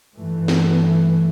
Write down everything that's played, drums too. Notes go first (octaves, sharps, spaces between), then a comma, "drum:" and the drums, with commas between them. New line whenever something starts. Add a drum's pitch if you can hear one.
G2 E3 A3
drum: snare